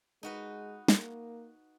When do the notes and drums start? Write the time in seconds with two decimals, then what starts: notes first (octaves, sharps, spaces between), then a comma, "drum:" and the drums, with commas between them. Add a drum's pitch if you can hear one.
0.23 G#3 D#4 F#4 B4
0.88 A#3, drum: snare